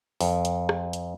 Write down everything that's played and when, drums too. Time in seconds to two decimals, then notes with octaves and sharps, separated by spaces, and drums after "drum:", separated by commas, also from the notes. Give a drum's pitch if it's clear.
0.21 F2, drum: open hi-hat
0.45 drum: hi-hat
0.69 drum: rim click
0.93 drum: hi-hat